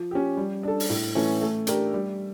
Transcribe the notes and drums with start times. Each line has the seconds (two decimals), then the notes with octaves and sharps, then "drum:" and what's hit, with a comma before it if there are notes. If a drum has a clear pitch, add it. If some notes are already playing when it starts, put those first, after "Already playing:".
Already playing: F3
0.11 C#4 G4
0.37 G3
0.63 D4 A4
0.80 drum: open hi-hat
0.89 A2
1.15 E3 A3 C#4
1.41 A3
1.67 D4 G4 A#4, drum: hi-hat
1.93 G3